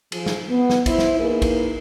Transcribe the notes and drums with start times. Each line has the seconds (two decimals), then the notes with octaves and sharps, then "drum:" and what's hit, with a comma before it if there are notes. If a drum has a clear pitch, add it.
0.12 F3 G#4, drum: cymbal
0.26 drum: snare
0.49 B3
0.70 drum: snare
0.86 E4 C5, drum: kick, cymbal
0.98 drum: snare
1.20 A#3 D#4 E4 G#4 A#4 B4
1.42 drum: kick, cymbal